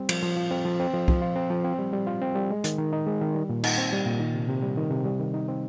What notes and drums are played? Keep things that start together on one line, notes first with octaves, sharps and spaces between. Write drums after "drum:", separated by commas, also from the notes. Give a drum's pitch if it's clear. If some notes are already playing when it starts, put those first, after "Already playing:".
Already playing: G3 C4
F3, drum: cymbal
F3
F4
C4
F3
C4
F3
F3, drum: kick
F4
C4
F3
C4
G3
G3
F4
C4
G3
G#3
D#3, drum: hi-hat
D#3
D#4
G#3
D#3
G3
A#2
D#4, drum: cymbal
C4
G3
A#2
D#3
C3
C3
G3
D#3
C3
G3
D#3
D#4
C4